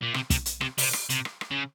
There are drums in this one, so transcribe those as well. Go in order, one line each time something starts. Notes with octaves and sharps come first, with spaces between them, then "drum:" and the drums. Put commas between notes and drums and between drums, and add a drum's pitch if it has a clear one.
A#2
C3, drum: rim click
C3, drum: kick, hi-hat
drum: hi-hat
C3, drum: rim click
C3, drum: open hi-hat
drum: rim click
C3, drum: hi-hat
drum: rim click
drum: rim click
C#3